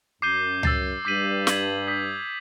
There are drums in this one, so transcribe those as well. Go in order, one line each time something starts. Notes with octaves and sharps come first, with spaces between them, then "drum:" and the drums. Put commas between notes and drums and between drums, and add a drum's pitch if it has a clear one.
F#2 D6 G6 C7 D#7 G7
E6 A6 C7, drum: tom C#2
G2 D6 G6 B6 D#7 F#7
G#6 B6 D#7 F#7, drum: snare
D#6 G6 B6